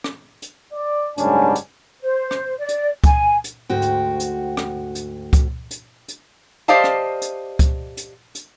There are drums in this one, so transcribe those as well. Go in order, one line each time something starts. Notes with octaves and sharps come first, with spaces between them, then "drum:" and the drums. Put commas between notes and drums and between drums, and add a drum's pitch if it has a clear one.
drum: rim click
drum: hi-hat
D5
F#1 G#2 G3 C#4 D4 G#5, drum: hi-hat
drum: hi-hat
C5
drum: rim click
D5
drum: hi-hat
G#5, drum: kick C#2, hi-hat
drum: hi-hat
D2 G#2 F#4 G5
drum: hi-hat
drum: hi-hat
drum: rim click
drum: hi-hat
drum: kick C#2, hi-hat
drum: hi-hat
drum: hi-hat
G4 C5 D5 D#5 F5 A5
drum: rim click
drum: hi-hat
drum: kick C#2, hi-hat
drum: hi-hat
drum: hi-hat